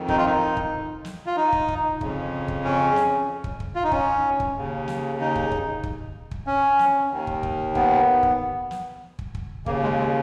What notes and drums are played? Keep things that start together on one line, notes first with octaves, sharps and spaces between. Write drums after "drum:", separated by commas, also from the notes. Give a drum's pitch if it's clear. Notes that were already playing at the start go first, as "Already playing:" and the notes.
Already playing: F2 D#3
D#4, drum: kick
F4
D#4
drum: kick
drum: snare
F4
D#4
drum: kick
drum: kick
F2 C#3, drum: kick
drum: kick
C#4
drum: snare
drum: kick
drum: kick
F4
D#4
C#4, drum: kick
drum: kick
D#2 C#3
drum: snare
D#4
drum: kick
drum: kick
drum: kick
drum: kick
C#4
drum: snare
D#2 D#3
drum: kick
drum: kick
B3, drum: kick
drum: kick
drum: snare
drum: kick
drum: kick
D#2 C#3 A#3, drum: kick
G#3
G#3